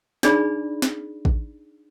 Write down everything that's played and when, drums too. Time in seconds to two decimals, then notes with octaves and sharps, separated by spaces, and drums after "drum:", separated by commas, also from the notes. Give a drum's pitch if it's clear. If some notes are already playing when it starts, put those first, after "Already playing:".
0.23 D4 D#4 G#4 D5 B5, drum: snare
0.82 drum: snare
1.25 drum: kick